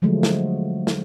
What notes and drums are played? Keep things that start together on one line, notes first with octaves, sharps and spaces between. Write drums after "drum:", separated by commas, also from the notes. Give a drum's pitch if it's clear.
D3 F3 F#3 G#3 A3
drum: snare
drum: snare